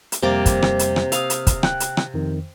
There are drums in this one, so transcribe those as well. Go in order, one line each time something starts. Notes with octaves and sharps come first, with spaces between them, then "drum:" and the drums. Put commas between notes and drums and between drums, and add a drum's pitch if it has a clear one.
drum: hi-hat
F2 C3 G3 A#3 D6 A6
drum: kick, hi-hat
drum: rim click
drum: hi-hat
drum: rim click
F5 D#6 E6, drum: hi-hat
drum: hi-hat
drum: kick, hi-hat
G5 F#6, drum: rim click
drum: hi-hat
drum: rim click
F2 D#3